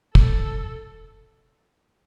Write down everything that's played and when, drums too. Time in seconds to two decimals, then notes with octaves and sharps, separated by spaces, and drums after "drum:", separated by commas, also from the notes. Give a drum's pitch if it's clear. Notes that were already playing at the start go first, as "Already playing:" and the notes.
0.15 A4, drum: kick